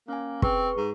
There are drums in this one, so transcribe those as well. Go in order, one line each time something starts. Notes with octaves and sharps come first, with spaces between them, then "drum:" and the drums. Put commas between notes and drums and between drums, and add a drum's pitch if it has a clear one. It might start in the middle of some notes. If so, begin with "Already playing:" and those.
A#3 C#4 G#5
C4 G#4 B4 C#6, drum: kick
G#2